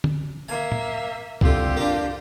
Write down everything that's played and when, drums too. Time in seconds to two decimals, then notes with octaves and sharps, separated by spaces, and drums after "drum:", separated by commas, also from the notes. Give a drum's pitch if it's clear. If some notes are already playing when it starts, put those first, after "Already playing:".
0.04 drum: tom
0.49 A#3 E5 G#5
0.72 drum: tom
1.41 C2 D3 F4 G4, drum: kick C2
1.77 A#3 D4